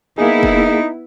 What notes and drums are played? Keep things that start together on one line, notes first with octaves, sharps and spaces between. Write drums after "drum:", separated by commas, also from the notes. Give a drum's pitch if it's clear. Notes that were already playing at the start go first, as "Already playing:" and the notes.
A#3 B3 D#4 E4 G#4
drum: kick